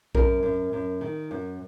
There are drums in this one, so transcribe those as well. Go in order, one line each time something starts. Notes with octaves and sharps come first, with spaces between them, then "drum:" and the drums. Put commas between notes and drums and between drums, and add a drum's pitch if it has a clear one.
F#2 A#4, drum: kick A#1
F#2
F#2
D#3
F#2